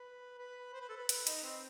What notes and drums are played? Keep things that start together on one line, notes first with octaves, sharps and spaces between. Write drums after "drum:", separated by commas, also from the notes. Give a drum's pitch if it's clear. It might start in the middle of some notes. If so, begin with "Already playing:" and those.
Already playing: B4
B4
C5
B4
A4
B4
B4, drum: hi-hat
D#4, drum: hi-hat
C4